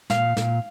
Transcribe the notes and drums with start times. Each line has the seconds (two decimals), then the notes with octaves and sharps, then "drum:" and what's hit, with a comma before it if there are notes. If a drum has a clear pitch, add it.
0.10 A#2 F5, drum: snare
0.37 A#2, drum: snare